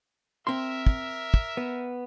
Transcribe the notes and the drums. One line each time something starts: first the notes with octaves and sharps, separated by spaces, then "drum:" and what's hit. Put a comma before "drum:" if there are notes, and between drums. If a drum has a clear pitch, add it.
C4 A#4 E5 C6
drum: kick
drum: kick
B3